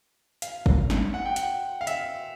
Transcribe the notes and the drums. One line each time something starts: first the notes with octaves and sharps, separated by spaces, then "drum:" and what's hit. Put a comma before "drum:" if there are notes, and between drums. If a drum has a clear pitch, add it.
F5, drum: hi-hat
drum: kick
drum: snare
F#5
G5
F#5, drum: hi-hat
F5
E5, drum: hi-hat